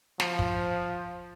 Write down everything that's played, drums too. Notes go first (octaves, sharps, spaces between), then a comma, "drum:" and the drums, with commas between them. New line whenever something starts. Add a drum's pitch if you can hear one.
F3, drum: snare
drum: kick